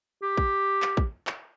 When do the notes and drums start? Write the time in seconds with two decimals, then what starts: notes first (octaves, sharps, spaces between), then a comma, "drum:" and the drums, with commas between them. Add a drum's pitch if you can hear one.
0.23 G4
0.37 drum: kick
0.82 drum: clap
0.97 drum: kick
1.27 drum: clap